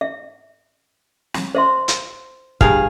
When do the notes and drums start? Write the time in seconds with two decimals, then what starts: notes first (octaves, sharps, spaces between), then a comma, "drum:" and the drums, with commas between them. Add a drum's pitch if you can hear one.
0.01 E5
1.34 drum: snare
1.55 C5 E5 C6
1.88 drum: hi-hat
2.61 G2 G#4 F5, drum: kick